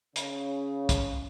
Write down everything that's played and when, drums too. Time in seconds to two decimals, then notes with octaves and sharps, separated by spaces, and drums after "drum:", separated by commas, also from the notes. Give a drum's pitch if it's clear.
0.16 C#3, drum: hi-hat
0.89 drum: kick, hi-hat